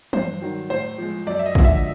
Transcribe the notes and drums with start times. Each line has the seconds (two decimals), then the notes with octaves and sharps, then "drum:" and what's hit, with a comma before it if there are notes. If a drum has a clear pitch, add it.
0.13 G2 C5, drum: tom
0.41 D#3 F#3
0.69 A2 C5
0.98 F3 G#3
1.27 F#2 D5
1.39 E5
1.46 D#5
1.55 D3 F3 G#3, drum: kick
1.65 E5